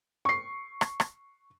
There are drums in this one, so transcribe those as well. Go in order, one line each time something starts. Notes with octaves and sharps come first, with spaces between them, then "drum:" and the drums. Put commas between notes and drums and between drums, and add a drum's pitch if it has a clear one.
C#6 C7
drum: rim click
drum: rim click